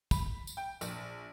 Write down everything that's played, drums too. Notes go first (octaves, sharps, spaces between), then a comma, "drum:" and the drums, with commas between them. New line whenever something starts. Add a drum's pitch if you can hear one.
B5, drum: kick, tambourine
drum: tambourine
G5
A#1, drum: tambourine